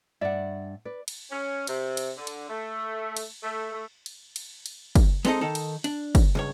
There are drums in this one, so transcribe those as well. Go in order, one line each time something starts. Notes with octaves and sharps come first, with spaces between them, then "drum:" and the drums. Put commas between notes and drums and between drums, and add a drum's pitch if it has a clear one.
G2 D5 E5 F#5
B4 D5
drum: cymbal
C#4
C3, drum: cymbal
drum: cymbal
D3
drum: cymbal
A3
drum: cymbal
A3
A3
drum: cymbal
drum: cymbal
drum: cymbal
drum: kick, cymbal
G#3 B3 C4 D#4 A4 D#5, drum: cymbal
D#3 D#4 A4
drum: cymbal
D4, drum: cymbal
drum: kick, cymbal
C#2 G2 C#5